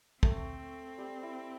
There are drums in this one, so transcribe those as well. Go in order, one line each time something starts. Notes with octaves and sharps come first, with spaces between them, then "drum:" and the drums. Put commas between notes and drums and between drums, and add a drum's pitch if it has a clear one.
A3 C4 A4, drum: kick
G3 G4
E4